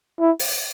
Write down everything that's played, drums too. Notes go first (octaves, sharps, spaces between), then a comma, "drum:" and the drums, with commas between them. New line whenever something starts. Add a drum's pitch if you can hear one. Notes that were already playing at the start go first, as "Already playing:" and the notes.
E4
drum: open hi-hat